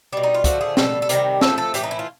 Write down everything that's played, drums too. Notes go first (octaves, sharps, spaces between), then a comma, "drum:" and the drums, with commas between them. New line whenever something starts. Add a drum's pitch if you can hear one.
B2 G3 D4
D#4
F4
D3 F3 A3 F#4, drum: kick, hi-hat
G#4
B2 G3 A4, drum: snare
A4
C3 D#3 G3 A#4, drum: hi-hat
A2 F3 A3 A4, drum: snare
A4
A2 E3 A3 G4, drum: hi-hat
D#4
E4
F4